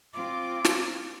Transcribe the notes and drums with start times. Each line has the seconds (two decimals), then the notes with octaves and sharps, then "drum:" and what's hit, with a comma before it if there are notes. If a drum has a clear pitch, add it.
0.14 C4 F4 D6
0.65 drum: snare